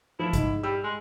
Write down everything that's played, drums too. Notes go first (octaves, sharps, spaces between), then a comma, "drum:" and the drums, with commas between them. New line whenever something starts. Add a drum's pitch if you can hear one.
F3 E4
G#2, drum: kick A1, hi-hat
G3 E6
G#3